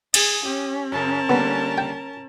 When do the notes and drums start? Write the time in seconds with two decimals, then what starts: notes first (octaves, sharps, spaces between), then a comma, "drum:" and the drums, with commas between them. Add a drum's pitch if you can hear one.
0.14 G#4 D#6 A6, drum: cymbal
0.45 C#4 G4
0.92 F#2 C#3 A#4 A5
1.29 D3 G3 A#3 B3
1.78 G5